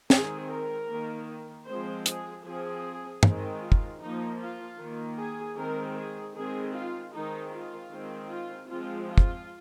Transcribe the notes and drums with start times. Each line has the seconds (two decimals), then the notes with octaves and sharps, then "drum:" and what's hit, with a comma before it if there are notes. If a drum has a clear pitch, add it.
0.10 D#3 G#3 C4 G#4, drum: snare
0.50 A#4
0.89 D#3 A#3
1.66 F3 G#3 C4 C5
2.06 G#4, drum: hi-hat
2.45 F3 C4 G#4
3.23 D#3 G#3 C4, drum: tom G2
3.61 F4
3.72 drum: kick
4.00 F3 A#3 D#4
4.40 F4
4.78 D#3 A#3
5.17 G#4
5.57 D#3 G#3 C4 A#4
5.96 G#4
6.34 D#3 G#3 C4 G#4
6.74 F4
7.13 D#3 G#3 C4 D#4
7.52 F4
7.91 D#3 G#3 C4
8.30 F4
8.68 F3 G#3 C4 F4
9.08 F4
9.18 drum: kick